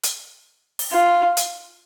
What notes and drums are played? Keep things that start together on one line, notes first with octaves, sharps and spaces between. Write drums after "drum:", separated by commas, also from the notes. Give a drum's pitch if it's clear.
drum: hi-hat
drum: open hi-hat
F4
drum: hi-hat